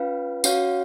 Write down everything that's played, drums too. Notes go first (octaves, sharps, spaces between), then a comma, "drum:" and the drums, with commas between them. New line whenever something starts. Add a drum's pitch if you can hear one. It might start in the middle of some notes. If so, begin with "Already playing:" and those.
Already playing: C#4 F4 B4 F5
C#4 F#4 C#5 F5, drum: tambourine